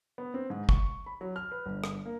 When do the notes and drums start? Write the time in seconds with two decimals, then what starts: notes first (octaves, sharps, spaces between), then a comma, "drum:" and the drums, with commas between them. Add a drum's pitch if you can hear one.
0.18 B3
0.34 C4
0.50 G#2
0.69 C#6, drum: kick
1.06 B5
1.21 F#3
1.36 F6
1.51 B4
1.66 G1
1.84 drum: rim click
2.06 A#3